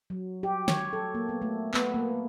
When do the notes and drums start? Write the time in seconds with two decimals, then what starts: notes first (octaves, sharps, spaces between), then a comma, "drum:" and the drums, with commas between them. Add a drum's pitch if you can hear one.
0.10 F#3
0.43 G4
0.68 C#5, drum: snare
0.93 A4
1.14 A#3
1.29 B3
1.42 A3
1.74 B3, drum: clap
1.94 A#3